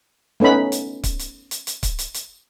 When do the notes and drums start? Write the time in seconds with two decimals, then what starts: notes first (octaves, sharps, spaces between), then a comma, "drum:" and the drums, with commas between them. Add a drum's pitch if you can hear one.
0.40 A3 B3 C#4 D#4 B5
0.72 drum: hi-hat
1.04 drum: kick C#1, hi-hat
1.19 drum: hi-hat
1.51 drum: hi-hat
1.67 drum: hi-hat
1.83 drum: kick C#1, hi-hat
1.99 drum: hi-hat
2.14 drum: hi-hat